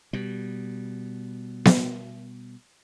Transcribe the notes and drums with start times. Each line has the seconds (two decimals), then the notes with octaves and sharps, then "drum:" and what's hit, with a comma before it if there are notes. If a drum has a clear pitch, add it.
0.13 B2 G3
1.65 drum: snare B3